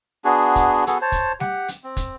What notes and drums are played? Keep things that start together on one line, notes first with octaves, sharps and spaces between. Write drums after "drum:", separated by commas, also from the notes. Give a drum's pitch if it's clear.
B3 D4 F#4 G#4
drum: kick, hi-hat
B3 F#4 G#4 A4, drum: hi-hat
C5 C#5 A5
drum: kick, hi-hat
G4 F#5, drum: snare
drum: hi-hat
C4
drum: kick, hi-hat